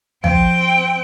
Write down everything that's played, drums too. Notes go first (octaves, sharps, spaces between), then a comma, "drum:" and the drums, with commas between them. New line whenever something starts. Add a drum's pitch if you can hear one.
F3 C4 G5, drum: tom